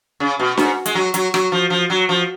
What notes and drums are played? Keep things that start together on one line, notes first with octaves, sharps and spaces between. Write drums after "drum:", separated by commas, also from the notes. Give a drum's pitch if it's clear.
C#3
B2
G#2, drum: snare
G#3, drum: hi-hat
F#3
F#3, drum: hi-hat
F#3, drum: rim click
F3
F3
F#3
F3